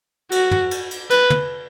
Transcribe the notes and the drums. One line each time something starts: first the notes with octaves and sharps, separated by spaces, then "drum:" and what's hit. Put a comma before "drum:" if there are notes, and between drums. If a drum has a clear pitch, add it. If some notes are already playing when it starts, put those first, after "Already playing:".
F#4, drum: cymbal
drum: tom
drum: cymbal
drum: cymbal
B4, drum: cymbal
drum: tom